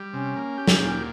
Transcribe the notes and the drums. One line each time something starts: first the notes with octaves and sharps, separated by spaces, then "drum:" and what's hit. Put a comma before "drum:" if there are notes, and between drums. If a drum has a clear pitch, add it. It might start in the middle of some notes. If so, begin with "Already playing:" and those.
Already playing: G3
C3 C#4
A#3
G4
drum: snare
A#2